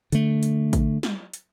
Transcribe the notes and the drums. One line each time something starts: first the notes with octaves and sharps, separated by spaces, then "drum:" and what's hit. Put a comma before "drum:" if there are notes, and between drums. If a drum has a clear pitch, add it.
D3 A3, drum: hi-hat
drum: hi-hat
drum: kick A1, hi-hat
drum: snare
drum: hi-hat